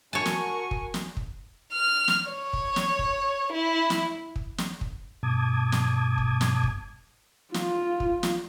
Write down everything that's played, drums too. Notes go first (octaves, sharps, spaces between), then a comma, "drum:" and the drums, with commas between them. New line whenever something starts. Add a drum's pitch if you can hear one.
F#4 A#4 C#5 G#5 A5 C#6
drum: snare
drum: kick
drum: snare
drum: kick
F6
drum: snare
C#5
drum: kick
drum: snare
drum: kick
E4
drum: snare
drum: kick
drum: snare
drum: kick
G2 B2 A5 D6 D#6 G#6
drum: snare
drum: kick
drum: snare
drum: kick
F4, drum: snare
drum: kick
drum: snare